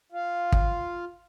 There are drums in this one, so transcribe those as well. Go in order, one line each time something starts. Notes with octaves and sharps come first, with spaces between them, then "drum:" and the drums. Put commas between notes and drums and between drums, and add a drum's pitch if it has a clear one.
F4
drum: kick